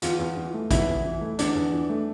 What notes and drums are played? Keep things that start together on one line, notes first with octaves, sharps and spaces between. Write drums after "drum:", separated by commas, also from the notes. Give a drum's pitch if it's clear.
E2 F4, drum: hi-hat
E2
E3
A3
E2 E4, drum: kick A1, hi-hat
E2
E3
A3
E2 D4, drum: hi-hat
E2
E3
A3